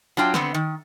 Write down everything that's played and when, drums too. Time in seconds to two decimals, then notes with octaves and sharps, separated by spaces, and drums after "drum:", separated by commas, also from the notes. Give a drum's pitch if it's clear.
0.17 F#3 D4 F4 G5
0.34 D3 B3 C4, drum: snare
0.54 D#3